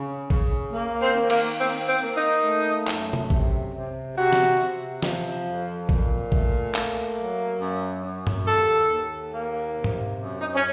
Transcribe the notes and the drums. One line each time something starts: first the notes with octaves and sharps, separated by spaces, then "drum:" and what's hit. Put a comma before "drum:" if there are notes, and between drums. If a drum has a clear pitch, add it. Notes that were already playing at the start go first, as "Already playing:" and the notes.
Already playing: C#3
C#3, drum: kick A1
A#3
C4
D#3
A#3, drum: cymbal
A#3 C4
C4
A#3
D#4
A3
F#2, drum: clap
drum: tom C3
C3, drum: kick A1
C3
C3 F#4
drum: snare
C3
F3, drum: snare
F2
A#2, drum: kick A1
A3, drum: kick A1
A#3, drum: clap
F#3
F#2
F#2
drum: tom G2
D#2 A4
D#2
A#3
C3
drum: tom G#2
F#2
D#4
C#4